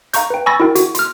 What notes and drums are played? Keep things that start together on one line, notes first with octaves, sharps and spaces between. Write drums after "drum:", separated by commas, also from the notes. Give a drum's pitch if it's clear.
F5 A#5 C#6 G6, drum: hi-hat
B4 G5
G#5 B5 C#6 E6 A6 A#6
E4 F#4 A#4 G5
F#4, drum: hi-hat
C6 F6, drum: hi-hat